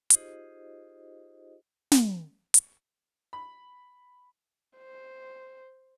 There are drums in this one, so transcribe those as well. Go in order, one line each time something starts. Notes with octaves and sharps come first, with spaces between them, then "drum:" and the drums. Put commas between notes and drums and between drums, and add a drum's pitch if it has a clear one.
D#4 F4 G4 G#4 C5 D#5, drum: hi-hat
drum: snare
drum: hi-hat
B5
C5